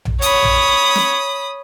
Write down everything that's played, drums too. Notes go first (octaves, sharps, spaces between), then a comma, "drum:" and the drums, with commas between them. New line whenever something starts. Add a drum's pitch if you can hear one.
drum: tom A#1
C#5 B5 D#6, drum: hi-hat
drum: tom A#1
drum: snare